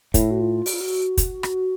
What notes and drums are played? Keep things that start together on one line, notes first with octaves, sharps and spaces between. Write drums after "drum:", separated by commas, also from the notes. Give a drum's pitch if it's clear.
A2 E4, drum: kick, hi-hat
F#4
F4
F#4, drum: open hi-hat
F4
F#4
drum: kick, hi-hat
drum: rim click